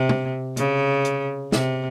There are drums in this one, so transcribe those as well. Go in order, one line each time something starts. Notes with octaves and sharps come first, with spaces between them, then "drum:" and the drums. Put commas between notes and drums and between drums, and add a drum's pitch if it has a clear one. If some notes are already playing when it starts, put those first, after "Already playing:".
Already playing: C3
drum: tom B2
C#3, drum: hi-hat
drum: hi-hat
C3, drum: snare